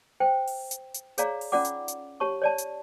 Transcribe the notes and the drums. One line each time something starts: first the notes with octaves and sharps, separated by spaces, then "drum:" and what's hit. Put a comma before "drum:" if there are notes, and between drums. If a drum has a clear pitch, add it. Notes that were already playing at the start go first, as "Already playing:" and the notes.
C5 G5
drum: open hi-hat
drum: hi-hat
drum: hi-hat
G#4 C#5 D5 F5 A#5, drum: hi-hat
drum: open hi-hat
C#4 D#4 F4 D5 F#5 D6
drum: hi-hat
drum: hi-hat
G4 C#5 A5 C#6
C#5 D5 A5
drum: hi-hat